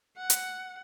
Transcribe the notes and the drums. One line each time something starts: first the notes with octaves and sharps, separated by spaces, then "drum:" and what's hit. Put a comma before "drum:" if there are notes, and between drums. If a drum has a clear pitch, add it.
F#5
drum: hi-hat